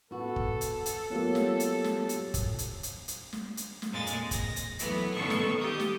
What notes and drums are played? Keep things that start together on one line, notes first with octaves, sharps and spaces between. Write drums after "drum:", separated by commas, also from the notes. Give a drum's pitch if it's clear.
B3 F#4 A4
drum: kick
drum: hi-hat
drum: hi-hat
F#3 A#3 B3 F4 G4
drum: snare
drum: hi-hat
drum: snare
drum: hi-hat
drum: kick, hi-hat
drum: hi-hat
drum: hi-hat
drum: hi-hat
drum: snare
drum: hi-hat
drum: snare
F2 A#2 G#3 A6
drum: hi-hat
A#6, drum: kick, hi-hat
drum: hi-hat
E3 F#3 A3 B3, drum: hi-hat
D#3 B3 A4 C#6 E6
drum: snare
G4 D#6
drum: snare